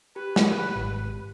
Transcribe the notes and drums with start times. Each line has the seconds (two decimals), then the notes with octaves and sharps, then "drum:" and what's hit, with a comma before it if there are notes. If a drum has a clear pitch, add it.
0.16 G4 B4
0.36 drum: snare
0.76 G#1